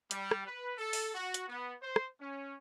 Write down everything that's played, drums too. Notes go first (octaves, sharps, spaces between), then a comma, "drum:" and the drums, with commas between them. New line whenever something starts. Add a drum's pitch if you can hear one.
G3, drum: hi-hat
drum: rim click
B4
A4
drum: open hi-hat
F#4
drum: hi-hat
B3
C5
drum: rim click
C#4